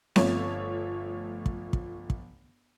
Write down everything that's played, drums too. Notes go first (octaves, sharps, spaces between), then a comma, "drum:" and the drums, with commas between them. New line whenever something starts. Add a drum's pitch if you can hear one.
G1 F3 A3 C#5, drum: snare C4
drum: kick
drum: kick
drum: kick